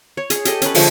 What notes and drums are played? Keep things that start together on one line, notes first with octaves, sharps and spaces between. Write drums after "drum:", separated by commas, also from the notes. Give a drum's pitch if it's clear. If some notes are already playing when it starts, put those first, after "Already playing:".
C#5
G#4, drum: hi-hat
G4 A4 D#5, drum: hi-hat
C#4 B4, drum: hi-hat
D3 F3 G#3 E5, drum: open hi-hat